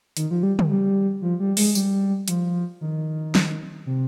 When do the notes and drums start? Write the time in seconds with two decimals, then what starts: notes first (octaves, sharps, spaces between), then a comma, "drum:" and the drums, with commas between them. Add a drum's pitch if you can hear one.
0.17 D#3, drum: hi-hat
0.31 F3
0.43 G3
0.59 drum: tom
0.70 G3
1.22 F3
1.40 G3
1.57 G#3, drum: open hi-hat
1.75 G3, drum: tambourine
2.28 F3, drum: hi-hat
2.81 D#3
3.35 drum: snare
3.86 C3